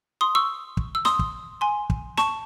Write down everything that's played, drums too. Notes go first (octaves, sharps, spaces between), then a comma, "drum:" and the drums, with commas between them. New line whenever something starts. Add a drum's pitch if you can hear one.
C6 D#6
C#6 E6
drum: kick
E6
C6 D#6, drum: snare
drum: kick
G#5 C6
drum: kick
A5 C#6, drum: snare